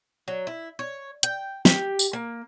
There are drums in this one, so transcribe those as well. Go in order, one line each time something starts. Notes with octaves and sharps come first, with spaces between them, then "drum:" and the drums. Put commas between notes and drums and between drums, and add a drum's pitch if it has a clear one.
F#3
E4
C#5
G5, drum: hi-hat
G4, drum: snare
drum: tambourine
A#3